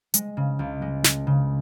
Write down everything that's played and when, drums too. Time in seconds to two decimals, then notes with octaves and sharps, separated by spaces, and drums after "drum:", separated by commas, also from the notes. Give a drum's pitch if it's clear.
0.14 G#3, drum: hi-hat
0.37 C#3
0.59 C#2
0.82 G#3
1.04 G#3, drum: snare
1.27 C#3